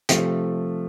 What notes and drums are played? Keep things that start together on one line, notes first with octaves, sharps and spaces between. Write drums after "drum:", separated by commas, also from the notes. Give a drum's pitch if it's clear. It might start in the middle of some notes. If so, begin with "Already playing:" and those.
C3 F3 A3, drum: hi-hat